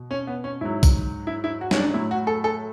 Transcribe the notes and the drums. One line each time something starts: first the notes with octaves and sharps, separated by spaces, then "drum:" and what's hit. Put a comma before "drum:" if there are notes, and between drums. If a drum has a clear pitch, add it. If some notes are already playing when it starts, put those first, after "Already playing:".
Already playing: B2
C#4
B3
C#4
G#2 F#3 E4
drum: kick, tambourine
E4
E4
F#4
C#4, drum: snare
D4
A2 F#3 E4
F#4
A4
A4